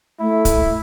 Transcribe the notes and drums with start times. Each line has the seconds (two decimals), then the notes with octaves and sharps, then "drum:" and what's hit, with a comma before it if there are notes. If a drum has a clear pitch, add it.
0.20 A3 E4
0.45 drum: kick, hi-hat